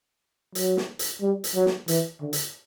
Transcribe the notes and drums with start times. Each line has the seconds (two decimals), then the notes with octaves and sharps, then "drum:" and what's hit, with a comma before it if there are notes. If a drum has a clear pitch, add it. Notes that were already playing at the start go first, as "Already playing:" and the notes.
0.55 F#3, drum: hi-hat
0.77 drum: snare
0.99 drum: hi-hat
1.21 G3
1.44 drum: hi-hat
1.55 F#3
1.66 drum: snare
1.88 E3, drum: hi-hat
2.21 D3
2.33 drum: hi-hat